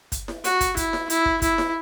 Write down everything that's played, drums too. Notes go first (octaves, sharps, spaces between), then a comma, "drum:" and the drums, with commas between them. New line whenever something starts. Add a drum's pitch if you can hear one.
drum: kick, hi-hat
drum: snare E4
F#4, drum: hi-hat
drum: kick, hi-hat
E4, drum: kick, hi-hat
drum: snare E4
E4, drum: hi-hat
drum: kick
E4, drum: kick, hi-hat
drum: snare E4